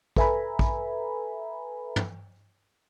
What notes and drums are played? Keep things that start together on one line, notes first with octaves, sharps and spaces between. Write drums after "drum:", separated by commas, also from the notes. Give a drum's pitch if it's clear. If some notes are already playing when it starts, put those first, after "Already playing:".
A4 B4 E5 G#5 A#5 B5, drum: kick
drum: kick
drum: tom